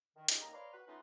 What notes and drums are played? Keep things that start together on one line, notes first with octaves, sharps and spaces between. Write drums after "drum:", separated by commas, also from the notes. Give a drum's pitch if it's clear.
D#3
G3 G#3 C#4 D#4 G4 G#4, drum: hi-hat
D#2 A#5
B4 C#5 D5 F5 A#5 C6
F#4 B4
A3 B3 C#4 D#4 F4 B4